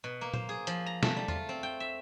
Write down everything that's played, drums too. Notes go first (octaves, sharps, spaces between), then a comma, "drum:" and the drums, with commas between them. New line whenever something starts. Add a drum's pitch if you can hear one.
B2
A#3
C5, drum: tom
G#4
F3, drum: hi-hat
A#5
A3, drum: snare
G3
F4, drum: tom E2
C4
G5
E5